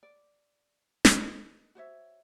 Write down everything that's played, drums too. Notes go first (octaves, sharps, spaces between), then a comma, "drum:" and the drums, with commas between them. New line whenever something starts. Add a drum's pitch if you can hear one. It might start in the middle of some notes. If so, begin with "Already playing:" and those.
D5
G#4 A#4 B4 D#5, drum: snare
F#4 C5 C#5 E5